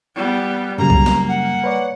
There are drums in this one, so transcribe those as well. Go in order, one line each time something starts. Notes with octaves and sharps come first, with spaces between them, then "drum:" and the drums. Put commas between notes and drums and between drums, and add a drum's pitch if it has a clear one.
G3 B3
F#2 C#3 G3 A#3 A#5
drum: kick C2
drum: snare
F#5
B4 C#5 D5